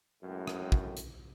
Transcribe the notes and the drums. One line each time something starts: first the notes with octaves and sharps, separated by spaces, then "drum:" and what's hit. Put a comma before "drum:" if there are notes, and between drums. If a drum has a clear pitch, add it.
C#2 F#2 A2
drum: rim click
drum: kick
drum: hi-hat